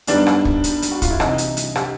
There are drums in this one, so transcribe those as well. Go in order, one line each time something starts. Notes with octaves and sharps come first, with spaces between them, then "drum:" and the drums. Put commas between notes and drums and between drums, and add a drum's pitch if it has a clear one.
F#2 D#3 G3 B3 D4, drum: hi-hat
drum: rim click
drum: kick
drum: hi-hat
drum: hi-hat
F#4
F4, drum: kick, hi-hat
E4
C2 C3 E3 D#4, drum: rim click
drum: hi-hat
drum: hi-hat
G4, drum: rim click